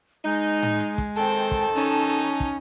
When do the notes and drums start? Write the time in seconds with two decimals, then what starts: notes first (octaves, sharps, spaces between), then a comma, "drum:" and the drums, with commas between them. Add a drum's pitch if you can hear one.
0.24 G#3 D#4
0.63 drum: tom A2
0.80 drum: hi-hat
0.98 drum: kick, hi-hat
1.16 D#3 C4 A4 G5 A5
1.34 drum: hi-hat
1.51 drum: kick, hi-hat
1.75 C#4 D#4
2.22 drum: hi-hat
2.40 drum: kick, hi-hat